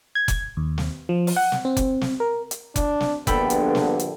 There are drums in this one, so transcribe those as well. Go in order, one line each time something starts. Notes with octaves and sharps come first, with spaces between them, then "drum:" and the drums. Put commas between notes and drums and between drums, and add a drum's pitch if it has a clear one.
G#6
drum: kick F1, hi-hat
D#2
drum: snare
F3
drum: open hi-hat
F#5
drum: snare
C4
drum: kick F1, hi-hat
drum: snare
A#4
drum: hi-hat
D4, drum: kick F1, hi-hat
drum: snare
A#1 G2 D3 B3 A4 G5 B5, drum: kick F1, hi-hat
drum: hi-hat
drum: snare
drum: hi-hat